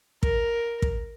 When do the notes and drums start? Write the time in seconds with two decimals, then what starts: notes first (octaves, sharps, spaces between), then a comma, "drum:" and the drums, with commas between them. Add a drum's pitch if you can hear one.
0.23 A#4, drum: kick
0.82 drum: kick